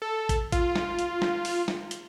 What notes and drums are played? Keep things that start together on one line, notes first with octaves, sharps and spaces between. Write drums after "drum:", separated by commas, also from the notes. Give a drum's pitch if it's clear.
A4
drum: kick G#1, hi-hat
F4, drum: kick G#1, hi-hat
drum: snare
drum: hi-hat
drum: snare
drum: open hi-hat
drum: snare
drum: hi-hat